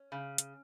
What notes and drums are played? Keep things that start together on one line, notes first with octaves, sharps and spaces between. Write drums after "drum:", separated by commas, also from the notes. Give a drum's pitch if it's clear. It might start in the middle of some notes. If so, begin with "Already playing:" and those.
Already playing: C#4
C#3
drum: hi-hat